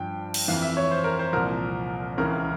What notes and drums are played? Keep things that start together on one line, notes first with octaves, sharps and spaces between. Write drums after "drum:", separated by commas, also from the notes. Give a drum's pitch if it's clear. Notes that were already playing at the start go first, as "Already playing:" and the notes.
Already playing: G2 F3 G5
drum: cymbal
F2 E3 F5
E5
C#5
C5
A#4
C5
C2 A#2 F3 A#4
C#2 C#3 E3 A#4